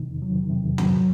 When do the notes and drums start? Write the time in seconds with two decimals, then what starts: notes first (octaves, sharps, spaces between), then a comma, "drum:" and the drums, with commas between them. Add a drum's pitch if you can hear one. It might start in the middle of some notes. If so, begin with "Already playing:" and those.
Already playing: C3 D#3 D#4
0.08 E2
0.22 F#3
0.35 D#3
0.50 C3
0.64 E2
0.78 F#3, drum: tom
0.93 F#3